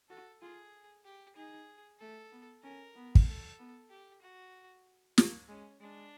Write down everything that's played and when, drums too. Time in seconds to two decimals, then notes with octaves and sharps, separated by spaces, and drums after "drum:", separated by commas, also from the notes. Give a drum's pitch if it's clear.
0.09 F#4 A4
0.42 F4 G#4
1.05 G4
1.36 D#4 G#4
2.00 A3 A4
2.32 B3
2.63 C#4 A#4
2.95 B3
3.15 drum: kick
3.27 A4
3.58 B3
3.90 G4
4.22 F#4
5.18 A#3, drum: snare
5.48 G#3 C#4
5.80 G#3 D4